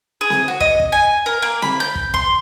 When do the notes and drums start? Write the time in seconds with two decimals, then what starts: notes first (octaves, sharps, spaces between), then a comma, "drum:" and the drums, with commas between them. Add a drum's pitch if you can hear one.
0.21 G#4
0.30 drum: snare C4
0.48 F#4
0.60 D#5, drum: kick
0.80 drum: kick
0.92 G#5
1.26 A#4
1.42 A#3
1.62 B5, drum: snare C4
1.80 G6
1.95 drum: kick
2.14 C6, drum: kick